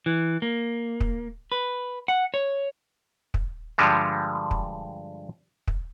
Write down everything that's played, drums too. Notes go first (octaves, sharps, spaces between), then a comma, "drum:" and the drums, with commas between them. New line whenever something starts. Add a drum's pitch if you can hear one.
E3
A#3
drum: kick
B4
F#5
C#5
drum: kick
G2 D3 F3 G3 G#3
drum: kick
drum: kick